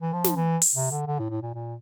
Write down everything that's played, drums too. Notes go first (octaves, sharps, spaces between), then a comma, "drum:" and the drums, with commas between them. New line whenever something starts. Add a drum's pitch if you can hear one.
E3
F3
drum: snare
E3
drum: open hi-hat
C3
D3
D3
A2
A2
A#2
A#2